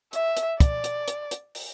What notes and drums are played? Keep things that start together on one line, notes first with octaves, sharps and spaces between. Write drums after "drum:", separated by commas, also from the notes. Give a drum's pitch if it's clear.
E5, drum: hi-hat
drum: hi-hat
D5, drum: kick, hi-hat
drum: hi-hat
drum: hi-hat
drum: hi-hat
drum: open hi-hat